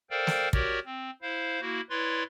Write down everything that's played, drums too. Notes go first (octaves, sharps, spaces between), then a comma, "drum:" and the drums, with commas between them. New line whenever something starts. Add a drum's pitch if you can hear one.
A4 A#4 C5 D5 F5 G5
drum: snare
F#4 G4 A#4 C#5 D5, drum: kick
C4
E4 C5 F5
A#3 E4 F#4
E4 B4 C#5 D5 C6